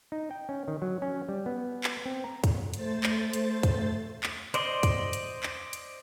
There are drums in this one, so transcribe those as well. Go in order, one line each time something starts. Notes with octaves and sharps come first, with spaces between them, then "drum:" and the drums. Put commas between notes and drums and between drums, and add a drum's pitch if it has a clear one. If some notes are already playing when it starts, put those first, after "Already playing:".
D#4
G5
C#4
D#3
F#3
C#4
G3
B3
drum: clap
C4
A#5
drum: kick, hi-hat
A3 C5 A6, drum: hi-hat
drum: clap
drum: hi-hat
drum: kick, hi-hat
drum: clap
C5 D5 D#5 C6, drum: hi-hat
drum: kick, hi-hat
drum: hi-hat
drum: clap
drum: hi-hat